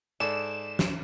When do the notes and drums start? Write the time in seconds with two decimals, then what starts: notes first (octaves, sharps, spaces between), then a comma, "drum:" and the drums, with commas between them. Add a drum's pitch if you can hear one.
0.20 G#2 G#4 A4 D5 E7
0.79 drum: snare